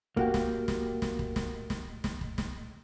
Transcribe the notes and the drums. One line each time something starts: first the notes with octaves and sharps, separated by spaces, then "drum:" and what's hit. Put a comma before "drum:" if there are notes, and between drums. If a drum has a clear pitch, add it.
A#3 F#4 G4, drum: kick
drum: snare
drum: snare
drum: snare
drum: kick
drum: snare
drum: snare
drum: snare
drum: kick
drum: snare